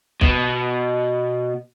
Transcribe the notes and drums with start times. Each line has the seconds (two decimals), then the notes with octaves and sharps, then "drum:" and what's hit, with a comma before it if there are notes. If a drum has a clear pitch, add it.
0.21 B2, drum: kick B1